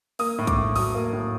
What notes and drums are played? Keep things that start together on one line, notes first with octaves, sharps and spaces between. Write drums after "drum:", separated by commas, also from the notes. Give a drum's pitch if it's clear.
A#3 D#6, drum: open hi-hat
A2
D6, drum: kick, hi-hat
A2
F#3 D#6, drum: open hi-hat
A#3
A2